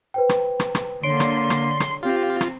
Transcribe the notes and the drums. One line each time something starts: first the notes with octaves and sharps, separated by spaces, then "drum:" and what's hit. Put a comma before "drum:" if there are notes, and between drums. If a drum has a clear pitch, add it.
B4 C5 G5
drum: rim click
drum: rim click
drum: rim click
D3 A#3 C#5 C6 D7
drum: rim click
drum: rim click
drum: rim click
C4 F4 G4
drum: rim click